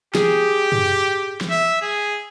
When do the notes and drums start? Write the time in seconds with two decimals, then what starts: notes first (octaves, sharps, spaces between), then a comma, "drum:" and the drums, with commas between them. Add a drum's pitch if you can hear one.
0.15 G4 G#4, drum: snare
0.72 drum: tom
1.41 drum: snare
1.50 E5
1.82 G#4